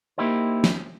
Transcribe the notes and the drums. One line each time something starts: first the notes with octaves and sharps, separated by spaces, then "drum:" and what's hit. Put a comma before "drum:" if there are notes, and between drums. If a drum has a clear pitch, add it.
A#3 D#4 E4 G4 C5
drum: snare